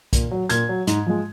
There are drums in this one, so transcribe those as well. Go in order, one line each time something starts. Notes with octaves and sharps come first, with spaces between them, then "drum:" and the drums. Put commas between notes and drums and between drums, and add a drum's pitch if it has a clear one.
A#2, drum: kick B1, hi-hat
F#3
A#2 G#6, drum: hi-hat
F#3
G#2, drum: hi-hat
F3 G#3